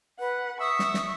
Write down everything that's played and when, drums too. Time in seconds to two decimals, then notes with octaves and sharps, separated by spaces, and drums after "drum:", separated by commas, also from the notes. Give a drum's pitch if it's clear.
0.20 B4 F#5
0.60 E5 C#6 D#6
0.79 drum: snare
0.94 drum: snare